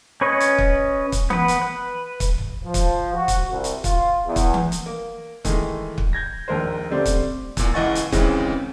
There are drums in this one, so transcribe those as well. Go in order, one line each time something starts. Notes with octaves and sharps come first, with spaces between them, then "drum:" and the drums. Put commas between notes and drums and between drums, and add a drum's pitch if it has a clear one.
C#4 B4 C#5 D#5
drum: hi-hat
drum: kick
drum: kick, hi-hat
B3 B4, drum: tom E3
drum: hi-hat
B4
drum: kick, hi-hat
drum: tom
F3
drum: kick, hi-hat
F#4
drum: kick, hi-hat
C2
drum: hi-hat
F4, drum: kick, hi-hat
E2
drum: kick, hi-hat
drum: tom E3
drum: hi-hat
A#3
D#3 E3 G#3 A3, drum: kick, hi-hat
drum: kick
G6 G#6 A#6
A#1 D#2 A#4 C5
D3 G3 A3 C4 D4
drum: kick, hi-hat
E2 A#2, drum: kick, hi-hat
C#2 E3 D#5 F#5 C#6 A6
drum: hi-hat
D#2 C#3 E3 G#3 C4 C#4, drum: kick, hi-hat